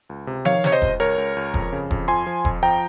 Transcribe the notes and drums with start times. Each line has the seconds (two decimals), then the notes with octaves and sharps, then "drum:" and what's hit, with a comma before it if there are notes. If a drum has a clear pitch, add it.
0.09 C#2
0.27 C3
0.45 D#3 C#5 F5, drum: tom F3
0.64 C3 C#5, drum: snare
0.72 C5 D#5
0.82 C#2, drum: kick E1
1.00 C#2 A#4 C#5
1.18 C#2
1.36 C#2
1.54 F2, drum: kick E1
1.73 C#3
1.91 F2, drum: kick E1
2.08 F3 G#5 C6
2.26 F3
2.45 F2, drum: kick E1
2.63 F3 G5 A#5